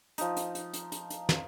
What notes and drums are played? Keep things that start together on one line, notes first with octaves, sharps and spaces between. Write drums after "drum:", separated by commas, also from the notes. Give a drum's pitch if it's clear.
F3 D#4, drum: hi-hat
drum: hi-hat
drum: hi-hat
drum: hi-hat
drum: hi-hat
drum: hi-hat
drum: snare